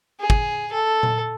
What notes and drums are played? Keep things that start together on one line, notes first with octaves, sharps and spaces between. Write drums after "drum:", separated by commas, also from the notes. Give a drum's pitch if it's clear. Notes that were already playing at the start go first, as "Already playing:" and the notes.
G#4
drum: kick
A4
drum: tom A#2